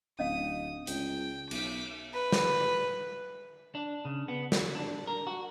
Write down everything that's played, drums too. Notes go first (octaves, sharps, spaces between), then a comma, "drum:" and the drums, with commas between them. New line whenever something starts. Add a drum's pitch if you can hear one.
D1 C#4 D#5 F5 D#6
C#2 G5, drum: hi-hat
B1 D6 B6, drum: cymbal
B4
drum: snare
D4
C#3
B3
F#3, drum: snare
D4
A#4
F#4